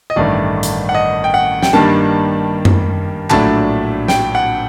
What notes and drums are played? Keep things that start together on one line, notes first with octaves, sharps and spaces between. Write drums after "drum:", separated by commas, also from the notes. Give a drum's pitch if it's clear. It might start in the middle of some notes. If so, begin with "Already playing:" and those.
D#5
A1 G2 D#3 A3 D5
drum: hi-hat
F#5
D#5
G5
F#5
G5, drum: snare
G2 D#3 G3 A#3 D4 A5
drum: tom F#2
A#1 A2 F#3 A3 D4 A5, drum: clap
G5, drum: snare
F#5